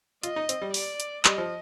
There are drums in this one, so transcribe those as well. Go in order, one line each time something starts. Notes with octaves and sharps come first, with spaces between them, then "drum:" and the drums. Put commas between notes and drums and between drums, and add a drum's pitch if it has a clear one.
F4 D#5, drum: hi-hat
D#4
C4, drum: hi-hat
G3
D5, drum: open hi-hat
drum: hi-hat
G3 D#5, drum: clap
F3